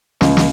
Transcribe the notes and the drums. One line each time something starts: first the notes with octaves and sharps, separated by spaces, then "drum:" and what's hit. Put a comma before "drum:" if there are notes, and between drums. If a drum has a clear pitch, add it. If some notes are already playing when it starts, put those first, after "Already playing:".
C#2, drum: snare
drum: snare